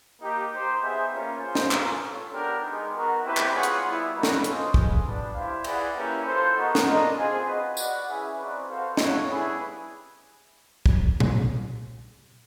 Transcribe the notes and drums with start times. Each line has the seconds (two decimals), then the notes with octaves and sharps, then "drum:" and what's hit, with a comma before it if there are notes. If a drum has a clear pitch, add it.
0.21 A#3 D#4 G4
0.51 D#4 G4 C5
0.81 B3 D#4 G#4 C5 E5
1.12 A#3 C#4 F4
1.41 C#4 F4 G#4 C5
1.55 drum: snare
1.71 C#4 F4 A#4, drum: clap
2.02 F4 A4 C#5
2.32 B3 D4 G4 A#4
2.63 G#3 B3 D#4
2.93 B3 D#4 F#4 A#4
3.23 C4 E4 G4 B4 E5
3.37 drum: clap
3.53 F4 G#4 C#5 F#5
3.63 drum: hi-hat
3.83 G3 B3 E4
4.14 G3 A#3 D#4 F#4 B4
4.23 drum: snare
4.44 C#4 F4 A4 C5 D#5, drum: hi-hat
4.74 F4 G#4 B4, drum: kick
5.04 G3 B3 D4
5.34 E4 G4 C5 F5
5.64 E4 G#4 B4 D5 F#5, drum: cymbal
5.95 A#3 C#4 E4 G4 B4
6.25 F4 A4 C5
6.55 B3 D#4 F#4 A#4
6.75 drum: snare
6.85 D4 F4 A#4 D#5
7.16 C4 F4 G#4 C5
7.46 F#4 B4 D#5
7.77 F#4 B4 D5 F#5, drum: tambourine
8.07 C#4 E4 G#4 B4 E5
8.38 C4 D#4 F#4 B4 D5
8.67 F#4 A4 C5 F5
8.97 E4 A4 C#5 F#5, drum: snare
9.28 G3 B3 E4 G#4 B4
10.86 drum: kick
11.20 drum: tom A#2